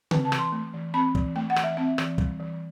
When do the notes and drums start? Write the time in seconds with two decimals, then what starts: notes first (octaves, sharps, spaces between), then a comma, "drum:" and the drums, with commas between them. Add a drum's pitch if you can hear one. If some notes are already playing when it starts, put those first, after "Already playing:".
0.11 C4 B4, drum: tom C#3
0.25 A5
0.32 E3, drum: rim click
0.39 C6
0.52 A3
0.74 E3
0.94 C4 B5
1.15 E3, drum: kick
1.36 A3 G5
1.50 F#5
1.56 E3, drum: rim click
1.64 E5
1.77 C4 E5
1.98 E3, drum: rim click
2.18 G3, drum: kick
2.40 E3